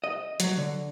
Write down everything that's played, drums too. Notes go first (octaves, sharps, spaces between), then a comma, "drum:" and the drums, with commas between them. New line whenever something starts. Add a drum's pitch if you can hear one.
D#5
F#3, drum: hi-hat
D3